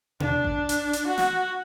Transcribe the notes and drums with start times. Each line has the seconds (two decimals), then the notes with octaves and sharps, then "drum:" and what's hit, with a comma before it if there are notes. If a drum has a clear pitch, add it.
0.20 D4, drum: tom B2
0.45 drum: kick A1
0.69 drum: hi-hat
0.93 drum: hi-hat
1.07 F#4
1.18 drum: snare